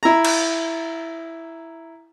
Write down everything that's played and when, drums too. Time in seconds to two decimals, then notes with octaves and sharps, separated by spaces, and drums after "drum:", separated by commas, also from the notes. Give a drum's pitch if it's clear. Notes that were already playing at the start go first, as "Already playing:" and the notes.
0.03 E4 A#5
0.25 drum: cymbal